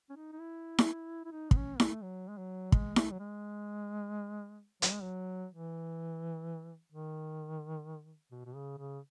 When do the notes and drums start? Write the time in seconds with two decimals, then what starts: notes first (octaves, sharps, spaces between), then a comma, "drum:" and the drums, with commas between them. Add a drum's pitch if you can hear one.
0.10 C#4
0.16 D#4
0.33 D#4
0.39 E4
0.78 drum: snare E4
1.25 E4
1.32 D#4
1.51 B3, drum: kick
1.57 C#4
1.80 A3, drum: snare E4
2.03 F#3
2.28 G#3
2.38 F#3
2.72 G#3, drum: kick
2.96 A3, drum: snare E4
3.12 F#3
3.20 G#3
4.82 F#3, drum: hi-hat
4.93 G#3
5.02 F#3
5.53 E3
6.92 D#3
8.32 B2
8.46 B2
8.55 C#3
8.79 C#3